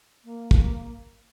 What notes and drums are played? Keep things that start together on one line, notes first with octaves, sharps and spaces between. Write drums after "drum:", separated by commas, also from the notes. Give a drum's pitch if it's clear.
A#3
drum: kick